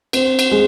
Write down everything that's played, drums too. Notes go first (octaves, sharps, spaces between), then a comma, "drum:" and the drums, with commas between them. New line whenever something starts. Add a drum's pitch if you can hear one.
C4, drum: cymbal
drum: cymbal
G#3